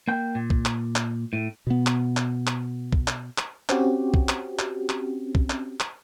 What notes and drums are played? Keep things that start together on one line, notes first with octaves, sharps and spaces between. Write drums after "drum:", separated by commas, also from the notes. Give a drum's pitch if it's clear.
A#3 G5
A#2
drum: kick
drum: clap
drum: clap
A2
B2 B3
drum: clap
drum: clap
drum: clap
drum: kick
drum: clap
drum: clap
C4 C#4 F#4 G4, drum: clap
drum: kick
drum: clap
drum: clap
drum: clap
drum: kick
drum: clap
drum: clap